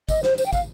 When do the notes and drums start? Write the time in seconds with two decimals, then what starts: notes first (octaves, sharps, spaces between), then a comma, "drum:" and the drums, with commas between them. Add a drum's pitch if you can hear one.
0.09 D#5, drum: kick, tambourine
0.23 C5, drum: snare
0.38 C5, drum: tambourine
0.46 G5
0.53 F5, drum: kick, tambourine